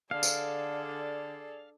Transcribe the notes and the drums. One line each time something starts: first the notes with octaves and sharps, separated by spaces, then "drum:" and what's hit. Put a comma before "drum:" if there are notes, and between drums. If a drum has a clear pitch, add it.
D3 G#4 A4 D5 F5
drum: tambourine